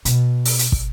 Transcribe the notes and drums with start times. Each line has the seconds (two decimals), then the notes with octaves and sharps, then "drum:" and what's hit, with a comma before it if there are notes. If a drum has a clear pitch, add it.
0.05 B2, drum: hi-hat
0.45 drum: open hi-hat
0.59 drum: hi-hat
0.72 drum: kick